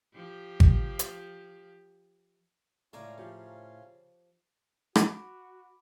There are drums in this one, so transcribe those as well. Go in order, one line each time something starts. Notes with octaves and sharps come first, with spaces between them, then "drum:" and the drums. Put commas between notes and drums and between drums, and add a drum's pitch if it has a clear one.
F3 G4
drum: kick G#1
drum: hi-hat
C#2 A2 C#4 F4 D5 G#5 A#5
C#3 F3 G4 C#5
F#4 B5 D6, drum: rim click